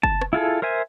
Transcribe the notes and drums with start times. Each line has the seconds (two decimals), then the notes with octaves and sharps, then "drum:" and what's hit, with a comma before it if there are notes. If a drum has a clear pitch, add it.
0.03 A5, drum: kick
0.21 drum: rim click
0.33 E4 F4 G#4 A4
0.62 A#4 C5 E5 G#5